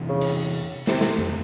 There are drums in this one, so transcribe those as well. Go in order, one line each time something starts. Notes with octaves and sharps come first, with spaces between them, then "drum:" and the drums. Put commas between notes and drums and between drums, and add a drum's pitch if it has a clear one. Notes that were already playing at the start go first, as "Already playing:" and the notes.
Already playing: E2 C3 E3
C#3
drum: cymbal
C3 D#3 A3 C4, drum: snare
drum: snare
drum: tom F2